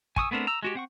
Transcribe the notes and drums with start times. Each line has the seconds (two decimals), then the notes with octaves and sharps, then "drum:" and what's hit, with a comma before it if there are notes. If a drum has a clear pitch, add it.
0.16 G#5 C#6 D#6 E6, drum: kick
0.31 A3 B3 C4 D4 A#4
0.47 A#5 E6
0.63 G#3 F#4 G4
0.75 C4 F#5 C#6